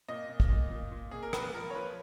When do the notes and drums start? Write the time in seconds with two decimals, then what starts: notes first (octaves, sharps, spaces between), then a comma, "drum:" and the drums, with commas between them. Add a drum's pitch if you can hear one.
0.08 A#2 D#5
0.30 A#2
0.40 drum: kick
0.50 A#2
0.71 A#2
0.92 A#2
1.11 A#2 G#4
1.23 A#4
1.33 A#2 B4, drum: rim click
1.54 F3 A#4
1.70 C#5
1.75 F3 B4